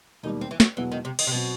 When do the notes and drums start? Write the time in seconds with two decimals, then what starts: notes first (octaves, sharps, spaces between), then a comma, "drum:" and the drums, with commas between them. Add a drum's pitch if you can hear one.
0.23 E1 D#2 D#3 G3 D#4
0.41 C4
0.51 E3
0.60 F#3, drum: snare
0.77 E1 E2 B2 E3 F#3
0.92 D#3
1.05 C3
1.19 D#3, drum: cymbal
1.27 C3
1.32 B2 F#3 C4